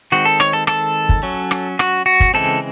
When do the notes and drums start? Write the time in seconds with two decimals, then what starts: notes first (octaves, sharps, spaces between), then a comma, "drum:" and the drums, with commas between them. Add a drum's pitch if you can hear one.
0.12 D#3 G#3 C4 F#4
0.25 A4
0.40 C#5, drum: rim click
0.53 A4
0.67 A4, drum: rim click
1.09 drum: kick
1.23 F#3 C#4
1.51 drum: rim click
1.79 F#4, drum: rim click
2.06 F#4
2.20 drum: kick
2.34 C#3 E3 G#3 C4 A4